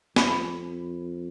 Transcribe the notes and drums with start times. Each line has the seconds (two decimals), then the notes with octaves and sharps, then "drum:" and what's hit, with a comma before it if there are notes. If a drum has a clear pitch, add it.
0.16 F2 B5, drum: snare